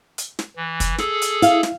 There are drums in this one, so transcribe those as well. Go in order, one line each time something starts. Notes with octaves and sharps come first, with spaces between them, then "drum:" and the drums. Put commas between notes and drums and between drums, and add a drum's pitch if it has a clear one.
drum: hi-hat
drum: snare
E3
drum: kick, hi-hat
G#4 A4, drum: snare
drum: hi-hat
E4 F5, drum: hi-hat
drum: snare